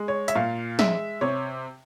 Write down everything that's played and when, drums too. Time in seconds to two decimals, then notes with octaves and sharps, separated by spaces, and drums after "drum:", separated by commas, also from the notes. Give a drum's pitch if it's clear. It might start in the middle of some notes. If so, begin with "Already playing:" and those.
Already playing: G#3
0.08 C#5
0.28 E5, drum: hi-hat
0.35 A#2 F5
0.79 G#3 E5, drum: snare F3
1.21 C3 C#5